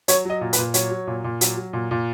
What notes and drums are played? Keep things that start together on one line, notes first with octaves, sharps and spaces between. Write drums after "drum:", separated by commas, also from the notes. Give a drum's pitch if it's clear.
F#3 C#5, drum: hi-hat
F#3 D#5
A#2
B4, drum: hi-hat
A#2
F#3 C#5, drum: hi-hat
F#3
A#2
A#2
F#3, drum: hi-hat
F#3
A#2
A#2